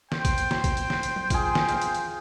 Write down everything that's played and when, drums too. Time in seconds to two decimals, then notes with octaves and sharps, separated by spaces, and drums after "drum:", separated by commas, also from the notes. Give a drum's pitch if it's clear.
0.12 C5 G5, drum: snare
0.25 drum: kick A1, hi-hat
0.38 drum: hi-hat
0.51 drum: snare
0.64 drum: kick A1, hi-hat
0.77 drum: hi-hat
0.90 drum: snare
1.03 drum: hi-hat
1.16 drum: tom F#3
1.30 F4 G#4, drum: kick A1, hi-hat
1.55 drum: snare
1.69 F5, drum: hi-hat
1.82 drum: hi-hat
1.95 drum: hi-hat